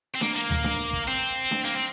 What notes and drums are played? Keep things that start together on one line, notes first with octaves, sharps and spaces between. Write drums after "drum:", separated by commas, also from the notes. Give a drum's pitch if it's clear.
C4
A#3, drum: snare D4
A#3
drum: tom D2
drum: snare D4
drum: kick
C4
drum: snare D4
A#3
C4